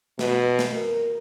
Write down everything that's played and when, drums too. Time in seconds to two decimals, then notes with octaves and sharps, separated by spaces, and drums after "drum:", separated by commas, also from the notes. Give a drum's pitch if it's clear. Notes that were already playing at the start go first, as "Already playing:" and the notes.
0.19 B2, drum: snare
0.59 drum: snare
0.72 A#4